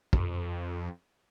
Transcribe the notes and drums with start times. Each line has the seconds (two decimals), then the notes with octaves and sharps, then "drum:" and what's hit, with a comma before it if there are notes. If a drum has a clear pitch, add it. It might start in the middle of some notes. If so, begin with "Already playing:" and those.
0.13 F2, drum: kick